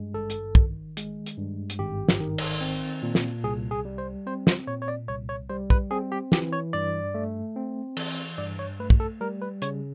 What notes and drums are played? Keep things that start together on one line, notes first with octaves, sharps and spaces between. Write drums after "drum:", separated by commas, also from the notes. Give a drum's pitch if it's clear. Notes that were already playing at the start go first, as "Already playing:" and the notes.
Already playing: G2 G#3
G#1 A4
drum: hi-hat
D#3, drum: kick
G#3, drum: hi-hat
drum: hi-hat
G2
drum: hi-hat
G#1 G4
drum: snare
D#3
drum: cymbal
C4
A#2
drum: snare
C2 G#4
G#4
G3
C5
C4 C5
C5, drum: snare
A#2 C#5
C#5
D5
C2 C#5
C#5
G3 C5
B4, drum: kick
C4 G#4
G4
E3 G4, drum: snare
C#5
G2 D5
A3
C4
E3, drum: cymbal
G2 D5
C#5
A3 B4
drum: kick
A4
G3 A#4
B4
C#3 C#5, drum: hi-hat